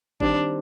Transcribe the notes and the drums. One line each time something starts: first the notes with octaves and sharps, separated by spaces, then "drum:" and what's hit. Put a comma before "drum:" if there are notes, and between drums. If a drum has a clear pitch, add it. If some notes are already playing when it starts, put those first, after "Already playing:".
D#3 G3 C4 D4, drum: kick G#1